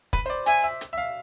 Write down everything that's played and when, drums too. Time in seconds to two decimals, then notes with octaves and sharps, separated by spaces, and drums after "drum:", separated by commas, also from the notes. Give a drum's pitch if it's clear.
0.13 B4, drum: kick
0.26 C5
0.30 D5
0.46 E5 G#5, drum: hi-hat
0.63 E5
0.81 drum: hi-hat
0.93 E5
0.98 F5